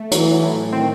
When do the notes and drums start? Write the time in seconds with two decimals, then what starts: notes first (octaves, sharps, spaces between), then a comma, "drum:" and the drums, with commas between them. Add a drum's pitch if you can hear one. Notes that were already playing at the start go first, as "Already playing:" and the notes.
Already playing: A3
0.12 E3 F#3, drum: hi-hat
0.43 A2
0.73 D#3 C4